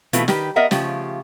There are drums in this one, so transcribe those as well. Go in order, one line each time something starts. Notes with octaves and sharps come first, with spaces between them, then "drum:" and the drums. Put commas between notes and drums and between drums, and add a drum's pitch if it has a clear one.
B2 E3 A3 C4 F4 B4, drum: hi-hat
D#3 G4 B4, drum: snare
B3 A#4 D#5 E5 F#5
C#3 F3 A3 F4 G4, drum: snare